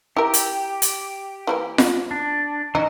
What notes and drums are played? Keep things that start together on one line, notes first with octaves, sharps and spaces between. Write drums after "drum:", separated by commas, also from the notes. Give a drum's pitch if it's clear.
E4 G4 A#4
drum: hi-hat
drum: hi-hat
E3 G3 A#3
drum: snare F4
D4
E3 C#4 D#4 F#4